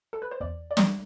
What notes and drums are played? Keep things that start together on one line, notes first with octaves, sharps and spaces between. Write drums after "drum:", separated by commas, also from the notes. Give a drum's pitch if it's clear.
A4
B4
C5
E2 D5
D5
G3 E5, drum: snare